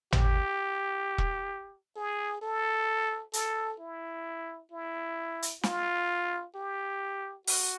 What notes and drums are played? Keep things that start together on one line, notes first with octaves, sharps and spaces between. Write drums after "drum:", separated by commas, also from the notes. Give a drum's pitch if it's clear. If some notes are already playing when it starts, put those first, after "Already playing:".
G4, drum: tom
drum: kick E1
G#4
A4
A4, drum: hi-hat
E4
E4
drum: hi-hat
F4, drum: snare
G4
F#4, drum: open hi-hat